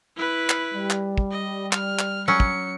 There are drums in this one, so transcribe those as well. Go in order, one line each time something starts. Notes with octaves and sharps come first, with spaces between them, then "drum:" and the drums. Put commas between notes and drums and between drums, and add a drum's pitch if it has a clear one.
E4 B4
drum: clap
G3
drum: clap
drum: kick
D#5
F6, drum: clap
drum: clap
F#3 C#4 C#7
drum: kick